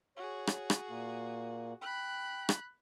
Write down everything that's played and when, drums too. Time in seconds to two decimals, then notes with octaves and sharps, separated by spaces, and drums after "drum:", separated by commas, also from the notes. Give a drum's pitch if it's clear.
0.17 F#4 G#4 C#5
0.47 drum: rim click
0.70 drum: rim click
0.90 A#2 A#3
1.82 G5 B5 F#6
2.49 drum: rim click